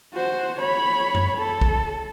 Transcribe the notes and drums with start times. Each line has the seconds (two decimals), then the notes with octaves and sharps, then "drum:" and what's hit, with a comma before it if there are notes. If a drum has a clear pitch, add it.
0.13 F#4 C5
0.59 C#5 B5
1.15 drum: tom F#2
1.38 A4
1.61 drum: kick